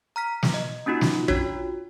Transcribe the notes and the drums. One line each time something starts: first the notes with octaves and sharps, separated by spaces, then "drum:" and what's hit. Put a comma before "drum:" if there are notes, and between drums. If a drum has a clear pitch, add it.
A#5 F6 B6
drum: snare
D#5
A#3 C#4 D#4 F4 F#4
drum: snare
D4 F4 F#4 C#5, drum: kick